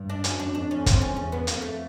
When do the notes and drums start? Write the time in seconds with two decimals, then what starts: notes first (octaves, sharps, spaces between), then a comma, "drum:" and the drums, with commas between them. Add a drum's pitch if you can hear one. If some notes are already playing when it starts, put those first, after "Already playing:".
Already playing: G2
0.09 D4
0.24 F#2 C#4, drum: hi-hat
0.40 D4
0.55 F2 D4
0.71 C#4
0.86 C4, drum: kick, hi-hat
1.02 C#4
1.16 E2 C#4
1.32 B3
1.47 F2 A#3, drum: hi-hat
1.62 A3